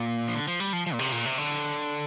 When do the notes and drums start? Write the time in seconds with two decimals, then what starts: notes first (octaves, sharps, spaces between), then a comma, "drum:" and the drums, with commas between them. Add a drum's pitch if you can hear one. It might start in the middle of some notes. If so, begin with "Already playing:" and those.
Already playing: A#2
0.28 F3
0.35 D3
0.48 F3
0.60 G3
0.73 F3
0.86 F3
0.93 A#2
0.99 C3, drum: cymbal
1.12 A#2, drum: tambourine
1.25 C3
1.38 D3